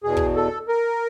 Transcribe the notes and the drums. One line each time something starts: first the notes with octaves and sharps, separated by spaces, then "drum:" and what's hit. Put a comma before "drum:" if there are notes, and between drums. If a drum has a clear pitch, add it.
E2 B2 G#4
drum: kick
A4
A#4